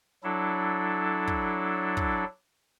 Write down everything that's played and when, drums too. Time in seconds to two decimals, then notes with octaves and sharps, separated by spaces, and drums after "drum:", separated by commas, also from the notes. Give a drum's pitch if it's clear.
0.24 F#3 D4 E4 A4
1.27 drum: kick
1.97 drum: kick